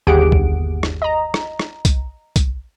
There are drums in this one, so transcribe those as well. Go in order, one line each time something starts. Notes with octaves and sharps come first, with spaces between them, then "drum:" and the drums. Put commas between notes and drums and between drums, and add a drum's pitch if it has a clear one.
G1 D#2 G4 G#4 F#5 D7
drum: kick C2
drum: rim click
D#5 A#5
drum: rim click
drum: rim click
drum: kick C2, hi-hat
drum: kick C2, hi-hat